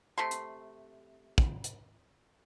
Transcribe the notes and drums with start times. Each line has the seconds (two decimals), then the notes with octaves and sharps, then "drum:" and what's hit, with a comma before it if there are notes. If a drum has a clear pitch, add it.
0.18 C3 A3 C6
0.31 drum: hi-hat
1.38 drum: kick
1.64 drum: hi-hat